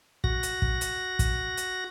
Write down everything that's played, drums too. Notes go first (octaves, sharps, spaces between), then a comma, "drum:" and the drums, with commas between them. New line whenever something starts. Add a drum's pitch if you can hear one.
F#4 A#6, drum: kick
drum: hi-hat
drum: kick
drum: hi-hat
drum: kick, hi-hat
drum: hi-hat